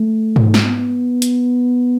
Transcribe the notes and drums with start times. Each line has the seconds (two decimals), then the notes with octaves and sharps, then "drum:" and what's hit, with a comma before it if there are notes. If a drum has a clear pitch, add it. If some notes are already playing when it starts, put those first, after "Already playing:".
Already playing: A3
0.36 drum: tom G#2
0.54 drum: snare
0.63 B3
1.22 drum: hi-hat